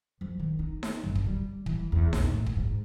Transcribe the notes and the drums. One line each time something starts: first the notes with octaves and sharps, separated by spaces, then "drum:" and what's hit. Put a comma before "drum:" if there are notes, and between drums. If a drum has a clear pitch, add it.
F3
D#3
D#4
drum: snare D#4
G1
drum: kick
G3
E3, drum: kick
E2
A#1, drum: snare D#4
A2
drum: kick
G#2